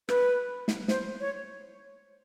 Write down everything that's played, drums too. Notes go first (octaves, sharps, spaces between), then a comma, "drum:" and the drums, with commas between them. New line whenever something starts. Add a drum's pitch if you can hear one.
B4, drum: rim click
drum: snare
C5, drum: snare
C#5